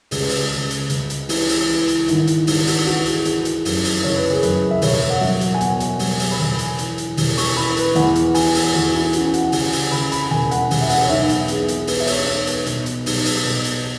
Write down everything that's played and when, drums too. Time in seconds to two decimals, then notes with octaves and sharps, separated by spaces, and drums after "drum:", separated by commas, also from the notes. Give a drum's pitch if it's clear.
0.11 C#2 G#4, drum: open hi-hat
0.20 B4
0.29 G#4, drum: open hi-hat
0.51 C#3
0.71 drum: hi-hat
0.90 C#2, drum: hi-hat
1.10 drum: hi-hat
1.29 E3, drum: open hi-hat
1.49 drum: open hi-hat
1.69 E3
1.88 drum: hi-hat
2.08 G#1, drum: hi-hat
2.27 drum: hi-hat
2.47 G#1, drum: open hi-hat
2.67 F#4, drum: open hi-hat
2.86 E3 F#4
3.05 G#4, drum: hi-hat
3.25 E3 G#4, drum: hi-hat
3.45 drum: hi-hat
3.65 F#2, drum: open hi-hat
3.84 drum: open hi-hat
4.03 F#1 C#5
4.16 B4
4.30 G#4
4.43 F#2 B4, drum: hi-hat
4.71 E5
4.82 E1 C#5, drum: open hi-hat
5.10 F#5
5.21 F#3 E5
5.41 drum: hi-hat
5.54 G#5
5.61 B2 F#5, drum: hi-hat
5.80 drum: hi-hat
5.99 F#3, drum: open hi-hat
6.19 drum: open hi-hat
6.31 B5
6.40 E1 G#5
6.59 drum: hi-hat
6.79 E3, drum: hi-hat
6.98 drum: hi-hat
7.17 E1, drum: open hi-hat
7.38 C#6, drum: open hi-hat
7.56 E3 B5
7.77 B4, drum: hi-hat
7.95 E2 F#5, drum: hi-hat
8.15 drum: hi-hat
8.35 E3 G#5, drum: open hi-hat
8.55 drum: open hi-hat
8.74 E2 F#4
8.94 E4
9.13 C#4 F#4, drum: hi-hat
9.27 G#5
9.34 F#5, drum: hi-hat
9.44 F#5
9.52 C#3 G#5, drum: open hi-hat
9.72 G#5, drum: open hi-hat
9.91 C#3 B5
10.12 B5, drum: hi-hat
10.31 E1 G#5
10.51 F#5, drum: hi-hat
10.71 E1 F#5, drum: open hi-hat
10.81 E5
10.89 F#5, drum: open hi-hat
11.05 C#5
11.09 B1 E5
11.29 drum: hi-hat
11.48 B3 G#4, drum: hi-hat
11.68 drum: hi-hat
11.87 B3 B4, drum: open hi-hat
12.00 E5
12.07 C#5, drum: open hi-hat
12.27 B3 C#5
12.47 B4, drum: hi-hat
12.66 B2, drum: hi-hat
12.86 drum: hi-hat
13.06 B1, drum: open hi-hat
13.25 drum: open hi-hat
13.45 B2
13.64 drum: hi-hat